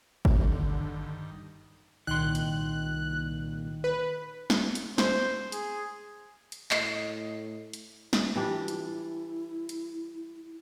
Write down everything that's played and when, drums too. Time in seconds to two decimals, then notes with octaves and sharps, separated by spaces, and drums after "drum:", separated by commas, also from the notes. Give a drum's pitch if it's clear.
0.25 G2 D3 D#3, drum: kick G1
2.07 C2 A#2 D#3 C6 F#6
2.35 drum: hi-hat
3.84 B4
4.50 drum: snare
4.75 drum: hi-hat
4.98 C5, drum: snare
5.52 G#4, drum: hi-hat
6.52 drum: hi-hat
6.71 A2 D#5 C7, drum: clap
7.73 drum: hi-hat
8.13 drum: snare
8.36 E3 G3 D4 F4
8.68 E4, drum: hi-hat
9.69 drum: hi-hat